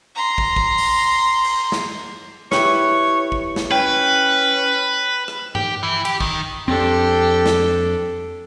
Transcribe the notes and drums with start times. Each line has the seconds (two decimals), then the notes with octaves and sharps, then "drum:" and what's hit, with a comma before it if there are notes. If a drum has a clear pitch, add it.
0.15 A#5 C6
0.38 drum: kick
0.56 drum: kick
0.78 drum: open hi-hat
1.44 drum: cymbal
1.72 drum: snare
2.52 E4 G4 B4 C#5, drum: snare
3.32 drum: kick
3.56 drum: snare
3.71 C#4 B4 G5
5.28 drum: rim click
5.55 G4, drum: tom G2
5.83 E3
6.05 G4, drum: cymbal
6.21 D#3, drum: kick
6.68 F2 C4 D4 G4 A4
7.46 drum: snare